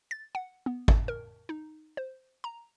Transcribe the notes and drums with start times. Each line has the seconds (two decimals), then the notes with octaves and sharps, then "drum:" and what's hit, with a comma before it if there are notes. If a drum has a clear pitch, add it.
0.11 A6
0.35 F#5
0.66 B3
0.88 drum: kick
1.08 A#4
1.49 D#4
1.97 C5
2.44 A#5